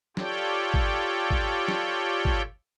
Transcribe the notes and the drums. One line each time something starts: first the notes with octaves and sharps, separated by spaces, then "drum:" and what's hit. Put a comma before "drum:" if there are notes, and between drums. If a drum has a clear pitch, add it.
F4 G4 A4 C#5 D5 G5, drum: snare
drum: kick G#1
drum: kick G#1
drum: snare
drum: kick G#1